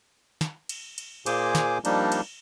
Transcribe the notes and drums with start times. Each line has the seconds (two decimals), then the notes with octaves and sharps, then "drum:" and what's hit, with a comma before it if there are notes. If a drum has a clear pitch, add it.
0.41 drum: snare
0.69 drum: cymbal
0.98 drum: cymbal
1.26 A#2 A#3 G#4 C5 G#5 D6, drum: cymbal
1.55 drum: snare
1.85 F3 G3 A#3 D4 D#4, drum: cymbal
2.12 drum: cymbal